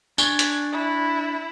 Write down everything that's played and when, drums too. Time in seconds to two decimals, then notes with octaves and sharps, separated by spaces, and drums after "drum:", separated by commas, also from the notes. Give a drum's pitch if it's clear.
0.18 D4 G#5 C#6 G#6 A6, drum: tambourine
0.39 drum: hi-hat
0.72 E4